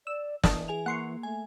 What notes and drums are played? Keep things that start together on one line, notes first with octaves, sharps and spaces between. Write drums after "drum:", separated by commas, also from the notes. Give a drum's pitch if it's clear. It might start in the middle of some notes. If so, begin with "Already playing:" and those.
D5 E6
E3 D4 A4 D#5, drum: snare
G#4 G#5 F7
A#3 F#5 C6 C#6
A3 G#5